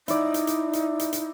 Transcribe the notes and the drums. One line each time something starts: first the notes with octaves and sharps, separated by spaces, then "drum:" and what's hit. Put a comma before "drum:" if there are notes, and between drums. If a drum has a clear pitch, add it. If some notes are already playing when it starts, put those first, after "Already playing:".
D#4 E4 D5, drum: hi-hat
drum: hi-hat
drum: hi-hat
drum: hi-hat
drum: hi-hat
drum: hi-hat